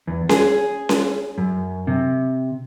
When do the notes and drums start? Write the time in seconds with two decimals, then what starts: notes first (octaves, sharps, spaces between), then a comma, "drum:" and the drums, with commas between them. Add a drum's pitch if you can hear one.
0.07 E2
0.29 G#4, drum: snare C#4
0.89 drum: snare C#4
1.38 F#2
1.87 C3